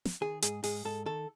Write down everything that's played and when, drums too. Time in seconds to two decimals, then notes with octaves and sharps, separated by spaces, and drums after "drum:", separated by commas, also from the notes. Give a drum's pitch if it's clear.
0.05 drum: snare
0.21 D#3 G#4
0.42 G#2 G#4, drum: hi-hat
0.64 G#2 G#4, drum: open hi-hat
0.85 G#2 A4
1.06 D#3 A4